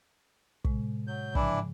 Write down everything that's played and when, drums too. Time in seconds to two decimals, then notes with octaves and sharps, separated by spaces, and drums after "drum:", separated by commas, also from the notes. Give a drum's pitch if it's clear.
0.65 A2 C3 G#3, drum: kick
1.07 F#3 G6
1.35 G#2 C#3 E3 F3 D4 E4, drum: kick